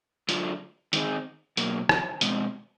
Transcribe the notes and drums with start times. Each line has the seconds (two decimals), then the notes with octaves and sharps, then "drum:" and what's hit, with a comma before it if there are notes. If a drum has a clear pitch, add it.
0.29 D3 F#3 A3 D4 F4, drum: hi-hat
0.93 D#3 G#3 C4 D#4 G#4, drum: hi-hat
1.57 B2 F#3 A#3, drum: hi-hat
1.89 drum: rim click
2.21 B2 G#3 C4, drum: hi-hat